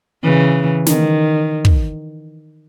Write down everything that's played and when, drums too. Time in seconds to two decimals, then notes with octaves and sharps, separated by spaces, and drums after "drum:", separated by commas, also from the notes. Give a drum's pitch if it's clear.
0.23 C#3 E3
0.86 D#3, drum: snare
1.65 drum: kick